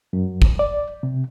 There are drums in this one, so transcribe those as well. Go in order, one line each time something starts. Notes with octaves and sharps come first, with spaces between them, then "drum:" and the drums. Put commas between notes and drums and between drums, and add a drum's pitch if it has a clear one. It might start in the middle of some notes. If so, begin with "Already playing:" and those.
F#2
drum: kick
D5
C3